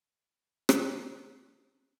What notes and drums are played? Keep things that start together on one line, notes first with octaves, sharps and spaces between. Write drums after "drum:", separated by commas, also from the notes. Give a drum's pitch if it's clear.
B4 B5
drum: rim click
F4 A#4
B3